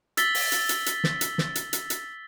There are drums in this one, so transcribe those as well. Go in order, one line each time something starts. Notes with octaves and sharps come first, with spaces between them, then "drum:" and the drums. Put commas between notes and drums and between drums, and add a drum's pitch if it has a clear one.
E6 A6 B6 G7, drum: hi-hat
drum: open hi-hat
drum: hi-hat
drum: hi-hat
drum: hi-hat
drum: snare
drum: hi-hat
drum: snare
drum: hi-hat
drum: hi-hat
drum: hi-hat